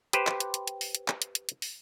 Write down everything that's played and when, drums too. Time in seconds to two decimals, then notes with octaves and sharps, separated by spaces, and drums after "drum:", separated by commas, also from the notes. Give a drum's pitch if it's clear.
0.13 G4 B4 C5, drum: hi-hat
0.27 drum: clap
0.40 drum: hi-hat
0.54 drum: hi-hat
0.68 drum: hi-hat
0.81 drum: open hi-hat
0.95 drum: hi-hat
1.08 drum: clap
1.22 drum: hi-hat
1.35 drum: hi-hat
1.49 drum: hi-hat
1.62 drum: open hi-hat